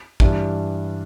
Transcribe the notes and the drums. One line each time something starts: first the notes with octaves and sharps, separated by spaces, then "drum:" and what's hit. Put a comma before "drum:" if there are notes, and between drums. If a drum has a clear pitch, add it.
G2 E3 G3 D4, drum: kick